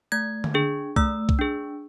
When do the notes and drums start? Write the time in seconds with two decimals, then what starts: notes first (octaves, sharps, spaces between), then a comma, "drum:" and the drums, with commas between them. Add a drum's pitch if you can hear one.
0.12 A3 G#6
0.44 drum: tom D3
0.54 D4 G#4
0.96 A3 E6, drum: kick C2
1.29 drum: kick C2
1.39 D4 G#4